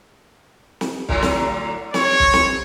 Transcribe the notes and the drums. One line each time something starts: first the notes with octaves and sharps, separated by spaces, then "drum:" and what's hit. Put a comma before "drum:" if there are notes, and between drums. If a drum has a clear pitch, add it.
drum: snare
A2 D3 F#3, drum: kick
drum: snare
C4 C#5, drum: snare
drum: kick
drum: snare